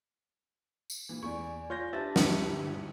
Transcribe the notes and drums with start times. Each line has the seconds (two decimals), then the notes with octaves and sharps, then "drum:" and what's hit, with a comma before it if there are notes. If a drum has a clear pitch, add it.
0.90 drum: tambourine
1.09 A#2 E3
1.22 E2 D5 G#5 C#6
1.70 F4 C#5 F5 C6 G6 A#6
1.93 D4 G4 B4 E5 A5 A6
2.16 B4 C#7, drum: snare